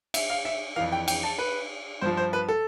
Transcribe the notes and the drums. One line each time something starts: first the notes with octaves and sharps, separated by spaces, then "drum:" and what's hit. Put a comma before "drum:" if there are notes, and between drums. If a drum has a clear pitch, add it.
E5, drum: cymbal
F5
E5
F2 E3 F5
G5
G5, drum: cymbal
A5
B4
G2 F3 C5
C5
B4
A4